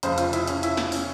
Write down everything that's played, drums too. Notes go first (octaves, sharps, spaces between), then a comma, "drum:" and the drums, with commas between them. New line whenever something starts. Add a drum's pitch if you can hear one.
F1 F2 C#3 C5, drum: hi-hat
F4, drum: hi-hat
E4, drum: hi-hat
C#4, drum: hi-hat
E4, drum: hi-hat
drum: snare
C#4, drum: open hi-hat